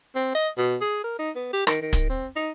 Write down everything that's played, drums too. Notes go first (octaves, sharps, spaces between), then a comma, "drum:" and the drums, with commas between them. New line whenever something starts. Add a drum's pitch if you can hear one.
C4
D#5
B2
G#4
A#4
D#4
B3
G4
D#3, drum: rim click
D#3
drum: kick, hi-hat
C4
D#4